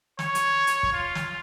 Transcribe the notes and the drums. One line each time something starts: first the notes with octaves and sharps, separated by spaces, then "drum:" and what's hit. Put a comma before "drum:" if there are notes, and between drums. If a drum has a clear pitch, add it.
C#5, drum: snare
drum: hi-hat
drum: hi-hat
drum: kick
F4
drum: snare